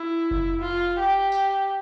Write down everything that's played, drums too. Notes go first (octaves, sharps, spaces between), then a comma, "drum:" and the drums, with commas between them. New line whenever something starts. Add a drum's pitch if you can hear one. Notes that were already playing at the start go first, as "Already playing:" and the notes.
Already playing: E4
drum: kick F#1
F4
G4
drum: tambourine